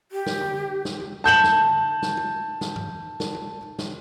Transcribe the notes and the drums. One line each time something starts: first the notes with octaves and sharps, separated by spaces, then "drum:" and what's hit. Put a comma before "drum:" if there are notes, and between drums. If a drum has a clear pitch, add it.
G4
drum: snare
drum: tom D3
drum: snare
drum: tom
A5 G6 E7 F#7
drum: snare
drum: tom D3
drum: snare
drum: tom
drum: snare
drum: tom G2
drum: snare
drum: tom
drum: snare